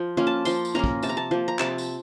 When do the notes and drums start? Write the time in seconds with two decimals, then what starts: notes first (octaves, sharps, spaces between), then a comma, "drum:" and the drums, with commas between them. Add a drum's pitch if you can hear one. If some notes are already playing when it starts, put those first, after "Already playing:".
Already playing: F3
0.17 A#3 C#4 F4
0.27 A5
0.45 F3 C6, drum: tambourine
0.65 drum: tambourine
0.75 A#3 C#4 F4 A#5
0.84 drum: kick
1.03 C3 A5, drum: tambourine
1.09 A#5
1.17 A5
1.31 F3 A#3
1.48 A#5
1.59 C3 A5, drum: clap
1.78 drum: tambourine